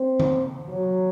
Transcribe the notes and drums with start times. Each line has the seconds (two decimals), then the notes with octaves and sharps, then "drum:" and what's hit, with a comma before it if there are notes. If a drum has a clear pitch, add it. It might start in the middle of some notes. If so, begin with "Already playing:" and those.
Already playing: C4
0.20 drum: tom D3
0.67 F#3